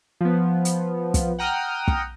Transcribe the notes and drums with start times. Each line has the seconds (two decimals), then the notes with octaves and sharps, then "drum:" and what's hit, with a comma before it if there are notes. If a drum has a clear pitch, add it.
0.21 F3 B3
0.65 drum: hi-hat
1.14 drum: kick, hi-hat
1.39 F#5 G5 A#5 D#6 F6
1.88 drum: kick